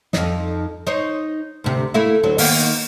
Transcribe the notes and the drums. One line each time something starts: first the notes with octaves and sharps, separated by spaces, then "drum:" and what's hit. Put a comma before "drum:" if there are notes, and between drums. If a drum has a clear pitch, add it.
F2 D#4, drum: snare
D#4 C5 C#5
D2 C3
A3 A#3 E4
D2 F#3
D#3 A#3 B3, drum: open hi-hat